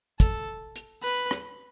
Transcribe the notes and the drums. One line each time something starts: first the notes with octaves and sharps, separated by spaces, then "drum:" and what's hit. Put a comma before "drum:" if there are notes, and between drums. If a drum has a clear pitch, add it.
A4, drum: kick, hi-hat
drum: hi-hat
B4
drum: rim click